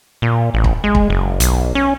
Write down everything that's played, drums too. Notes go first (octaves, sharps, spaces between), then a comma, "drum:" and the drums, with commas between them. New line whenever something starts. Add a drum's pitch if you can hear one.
A#2
A1
drum: kick
G#3
drum: kick
F#1
B1, drum: hi-hat
C#4